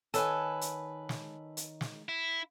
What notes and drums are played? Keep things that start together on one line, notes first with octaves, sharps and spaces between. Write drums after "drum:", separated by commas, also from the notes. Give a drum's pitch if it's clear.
D#3 A4 B4 C#5 F#5 G#5, drum: hi-hat
drum: hi-hat
drum: snare
drum: hi-hat
drum: snare
E4